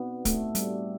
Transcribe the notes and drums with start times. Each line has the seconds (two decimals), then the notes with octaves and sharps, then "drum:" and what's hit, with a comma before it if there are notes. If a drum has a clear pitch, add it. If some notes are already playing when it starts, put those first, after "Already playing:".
Already playing: B3 C4 D#4 F#4 B4 D5
0.25 A3, drum: kick, hi-hat
0.55 G3, drum: hi-hat